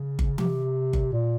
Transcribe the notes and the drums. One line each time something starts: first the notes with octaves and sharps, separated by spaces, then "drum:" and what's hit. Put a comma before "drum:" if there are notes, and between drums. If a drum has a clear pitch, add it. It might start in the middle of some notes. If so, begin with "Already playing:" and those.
Already playing: C#3
drum: kick G1
C3, drum: tom E3
drum: kick G1
A#2